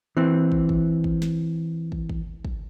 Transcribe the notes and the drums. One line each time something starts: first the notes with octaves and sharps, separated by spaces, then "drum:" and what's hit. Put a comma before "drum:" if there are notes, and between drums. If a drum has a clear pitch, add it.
E3 C4
drum: kick
drum: kick
drum: kick
drum: snare
drum: kick
drum: kick
drum: kick